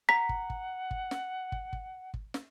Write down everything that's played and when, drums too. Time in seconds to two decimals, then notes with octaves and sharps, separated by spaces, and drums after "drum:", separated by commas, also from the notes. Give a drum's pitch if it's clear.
0.09 F#5 A#5 B6
0.29 drum: kick
0.50 drum: kick
0.91 drum: kick
1.11 drum: snare
1.52 drum: kick
1.73 drum: kick
2.14 drum: kick
2.34 drum: snare